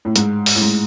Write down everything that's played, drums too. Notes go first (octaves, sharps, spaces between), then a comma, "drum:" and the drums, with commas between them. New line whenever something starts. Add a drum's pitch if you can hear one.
A2
G#2, drum: hi-hat
drum: open hi-hat
A2
G#2